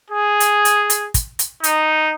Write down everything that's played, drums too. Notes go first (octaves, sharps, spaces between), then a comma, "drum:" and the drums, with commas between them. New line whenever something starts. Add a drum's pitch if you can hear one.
G#4
drum: hi-hat
drum: hi-hat
drum: hi-hat
drum: kick, hi-hat
drum: hi-hat
D#4, drum: hi-hat